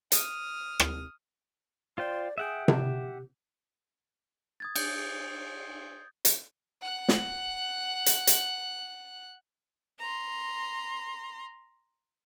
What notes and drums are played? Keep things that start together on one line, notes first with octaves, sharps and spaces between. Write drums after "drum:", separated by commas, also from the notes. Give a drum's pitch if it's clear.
D#6 F6, drum: hi-hat
drum: rim click
F4 C5 D5 G5
G#4 E5 F#5 G5
G4, drum: tom C3
D#6 G#6 A6
G6, drum: cymbal
drum: hi-hat
F#5 F#6
drum: snare
drum: hi-hat
drum: hi-hat
A#5 C6